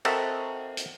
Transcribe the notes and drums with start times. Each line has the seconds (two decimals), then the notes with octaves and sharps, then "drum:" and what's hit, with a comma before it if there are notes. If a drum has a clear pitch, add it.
0.05 C4 F#4 A4 A#4 D#5 E5, drum: cymbal
0.77 drum: hi-hat